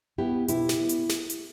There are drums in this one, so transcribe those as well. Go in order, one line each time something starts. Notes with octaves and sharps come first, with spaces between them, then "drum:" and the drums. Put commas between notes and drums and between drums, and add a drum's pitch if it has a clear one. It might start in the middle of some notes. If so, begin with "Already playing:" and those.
G3 B3 E4 G4
B2 E4 G4, drum: hi-hat
drum: snare
G3 B3
drum: hi-hat
drum: snare
drum: hi-hat